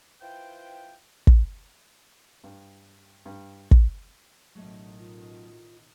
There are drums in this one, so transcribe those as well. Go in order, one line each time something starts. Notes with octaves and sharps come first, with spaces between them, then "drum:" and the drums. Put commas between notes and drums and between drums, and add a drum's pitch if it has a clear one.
E4 F4 B4 C5 G5
drum: kick
G2
G2
drum: kick
A1 B2 D#3 F#3 A3 D#5
F4